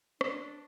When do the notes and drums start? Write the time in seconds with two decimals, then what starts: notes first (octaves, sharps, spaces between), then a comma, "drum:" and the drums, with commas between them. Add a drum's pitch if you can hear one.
0.21 D4, drum: rim click